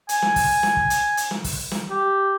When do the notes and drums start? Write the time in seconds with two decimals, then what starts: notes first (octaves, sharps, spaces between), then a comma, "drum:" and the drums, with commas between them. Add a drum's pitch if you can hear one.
0.09 G#5, drum: hi-hat
0.22 drum: snare
0.36 drum: kick, open hi-hat
0.63 drum: snare
0.77 drum: kick
0.90 drum: hi-hat
1.17 drum: hi-hat
1.31 drum: snare
1.44 drum: kick, open hi-hat
1.71 drum: snare
1.90 G4